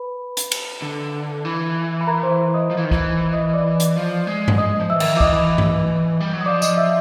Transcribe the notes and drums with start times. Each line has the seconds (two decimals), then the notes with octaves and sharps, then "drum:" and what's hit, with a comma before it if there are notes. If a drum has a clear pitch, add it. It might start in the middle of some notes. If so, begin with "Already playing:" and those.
Already playing: B4 B5
0.37 drum: hi-hat
0.52 drum: cymbal
0.82 D3
1.45 E3
2.01 B5
2.07 A#4 A#5
2.23 C5 C6
2.54 D#5 D#6
2.71 F3
2.77 E3
2.84 D#3
2.91 E3, drum: kick
3.33 D#5 D#6
3.54 D5 D6
3.80 drum: hi-hat
3.96 F3
4.27 G#3
4.48 drum: tom G2
4.58 G#3 D#5 D#6
4.80 F3
4.90 E5 E6
4.95 E3
5.00 D#3, drum: cymbal
5.15 F3 D6
5.20 E3 D#5 D#6, drum: kick
5.58 drum: tom G2
6.20 G3
6.33 F#3
6.41 D#6
6.46 F3 D5 D6
6.62 D#5 D#6, drum: tambourine
6.77 E5 E6